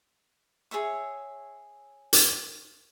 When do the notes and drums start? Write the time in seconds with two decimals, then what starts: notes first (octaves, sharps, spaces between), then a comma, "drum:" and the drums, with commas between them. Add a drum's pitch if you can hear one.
0.71 G#4 C#5 E5 C#6
2.13 drum: hi-hat